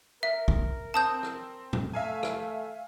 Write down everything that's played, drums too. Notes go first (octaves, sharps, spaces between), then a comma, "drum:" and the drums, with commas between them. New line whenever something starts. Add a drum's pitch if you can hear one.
A#4 E5
drum: kick B1
C4 A5 D#6 G6
drum: rim click
drum: tom A2
A3 E5 F5 G#5
drum: rim click